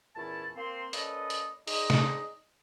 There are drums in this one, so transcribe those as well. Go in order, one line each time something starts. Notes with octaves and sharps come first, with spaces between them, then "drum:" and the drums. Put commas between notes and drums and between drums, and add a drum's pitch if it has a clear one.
E2 A#2 C#4 E4 A5
A#3 C4 C6
A#3 C#4 A4 B4 D5 D#5, drum: hi-hat
drum: hi-hat
D#4 G#4 C5 D5 D#5, drum: open hi-hat
drum: snare